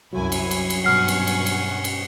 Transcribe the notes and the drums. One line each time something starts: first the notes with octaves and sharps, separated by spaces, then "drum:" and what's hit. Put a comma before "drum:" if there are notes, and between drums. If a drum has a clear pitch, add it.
C2 F#2 F#3 E4 G#5
drum: cymbal
drum: cymbal
drum: cymbal
G2 B2 C#5 F#5 G#5 F6 C7
drum: cymbal
drum: cymbal
drum: cymbal
drum: cymbal